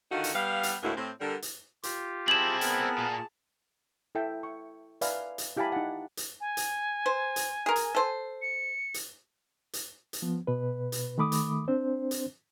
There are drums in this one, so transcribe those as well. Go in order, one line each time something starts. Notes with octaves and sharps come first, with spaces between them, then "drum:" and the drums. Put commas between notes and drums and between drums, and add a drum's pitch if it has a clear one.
D3 D#3 D#4 F4 F#4
drum: hi-hat
G3 B3 F5
drum: hi-hat
D2 A2 G#3 A#3 E4 F#4
A2 C4
D3 G3 A#4
drum: hi-hat
F4 G4, drum: hi-hat
C4 E4 G#4 A5 E7 F#7
B3 A#4, drum: hi-hat
A#2
E4 A4 E5 G5
C#6
B4 D5 E5 F5 G#5, drum: hi-hat
drum: hi-hat
E4 G4 F5 G#5 A5 B5
D#4 F#5
drum: hi-hat
G#5
drum: hi-hat
C5
drum: hi-hat
G#4 A#4
drum: hi-hat
A4 C5
C#7
drum: hi-hat
drum: hi-hat
drum: hi-hat
F3 B3
B2 B4
drum: hi-hat
D#3 A3 B5 D6 D#6
drum: hi-hat
C4 D4 C5
drum: hi-hat